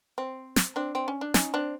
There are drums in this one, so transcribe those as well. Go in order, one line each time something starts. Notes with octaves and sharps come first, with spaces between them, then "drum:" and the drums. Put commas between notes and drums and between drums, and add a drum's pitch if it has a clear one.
C4
drum: snare
C4 D4
C4
C#4
D4
C#4 D#4, drum: snare
C4 D4